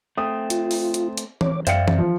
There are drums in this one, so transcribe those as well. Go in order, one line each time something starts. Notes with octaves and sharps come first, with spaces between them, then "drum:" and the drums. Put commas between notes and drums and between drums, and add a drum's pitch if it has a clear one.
A3 C4 D#6
F4, drum: hi-hat
drum: open hi-hat
drum: hi-hat
drum: hi-hat
C#5 D6, drum: tom
F#2 C5 D5 E5 F5 G5 C#7, drum: hi-hat
drum: tom
F3